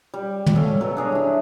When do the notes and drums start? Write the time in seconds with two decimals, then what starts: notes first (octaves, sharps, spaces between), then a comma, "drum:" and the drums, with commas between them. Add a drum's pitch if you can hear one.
0.14 G3
0.46 drum: tom
0.56 A4 C#5 F5 G#5
0.81 B2 F#3
0.97 D4 G#4 C#5 A#5
1.12 D4 E4